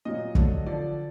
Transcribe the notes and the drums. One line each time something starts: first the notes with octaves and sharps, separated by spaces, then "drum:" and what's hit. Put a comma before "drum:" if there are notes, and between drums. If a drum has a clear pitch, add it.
A#2 F#3 D#5
D3 F#3, drum: kick
D3 F3 D5